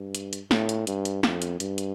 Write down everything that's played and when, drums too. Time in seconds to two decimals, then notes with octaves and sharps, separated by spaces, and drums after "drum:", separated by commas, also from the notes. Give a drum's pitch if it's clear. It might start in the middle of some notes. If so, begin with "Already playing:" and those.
Already playing: G2
0.15 drum: hi-hat
0.33 drum: hi-hat
0.51 A2, drum: snare
0.69 drum: hi-hat
0.87 G2, drum: hi-hat
1.05 drum: hi-hat
1.23 F2, drum: snare
1.42 drum: hi-hat
1.60 G2, drum: hi-hat
1.78 drum: hi-hat